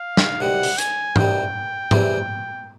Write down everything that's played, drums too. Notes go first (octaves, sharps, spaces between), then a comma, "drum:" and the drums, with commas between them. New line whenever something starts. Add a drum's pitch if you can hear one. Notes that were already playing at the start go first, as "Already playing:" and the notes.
Already playing: F5
drum: snare
C2 B2 G3 F#5
drum: open hi-hat
G#5, drum: hi-hat
C2 B2 G3 G5, drum: tom G#2
E2 C3 E3 G3, drum: tom G#2